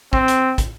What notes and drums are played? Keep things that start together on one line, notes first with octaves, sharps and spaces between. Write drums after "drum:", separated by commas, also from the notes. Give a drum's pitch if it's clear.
C4, drum: kick
drum: hi-hat
drum: kick, hi-hat